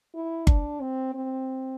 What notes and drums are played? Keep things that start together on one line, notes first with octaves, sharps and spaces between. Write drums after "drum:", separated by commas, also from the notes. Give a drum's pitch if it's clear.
E4
D4, drum: kick G1
C4
C4